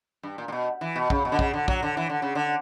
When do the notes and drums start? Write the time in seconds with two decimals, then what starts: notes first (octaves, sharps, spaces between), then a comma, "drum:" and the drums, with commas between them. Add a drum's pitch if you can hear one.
0.23 G2
0.38 A#2
0.48 A#2
0.52 B2
0.81 E3
0.96 B2
1.10 C#3, drum: kick
1.25 B2
1.32 D3
1.39 C#3, drum: kick
1.53 D3
1.68 F#3, drum: kick
1.83 D3
1.97 E3
2.09 D3
2.22 C#3
2.35 D3